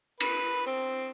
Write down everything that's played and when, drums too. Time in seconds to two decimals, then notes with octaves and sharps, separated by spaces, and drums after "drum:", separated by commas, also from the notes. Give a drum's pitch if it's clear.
0.20 B4, drum: cymbal
0.66 C4